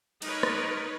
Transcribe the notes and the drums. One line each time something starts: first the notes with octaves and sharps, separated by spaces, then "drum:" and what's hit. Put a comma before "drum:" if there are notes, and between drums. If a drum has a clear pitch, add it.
D#4 A#4 B4 C#5, drum: cymbal
drum: rim click